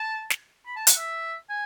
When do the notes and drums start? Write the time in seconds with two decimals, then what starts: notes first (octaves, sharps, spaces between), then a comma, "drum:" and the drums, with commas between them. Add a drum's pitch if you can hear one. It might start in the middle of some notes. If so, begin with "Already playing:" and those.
Already playing: A5
0.30 drum: snare
0.66 B5
0.76 A5
0.87 F#5, drum: hi-hat
0.97 E5
1.49 G#5